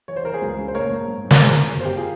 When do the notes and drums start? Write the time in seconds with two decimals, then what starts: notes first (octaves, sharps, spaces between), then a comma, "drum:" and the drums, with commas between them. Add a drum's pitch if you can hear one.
0.08 E3 C#5
0.16 C5
0.24 E3 A#4
0.33 G#4 C5
0.42 C#2
0.58 C#3
0.68 C5
0.75 A#1 A#4 C#5
0.91 A#1
1.08 G#2
1.25 G#2
1.31 A#4, drum: snare
1.41 F2 G#4 C5
1.58 C#3
1.75 G1
1.80 C5
1.85 G4 A#4
1.97 F4 G#4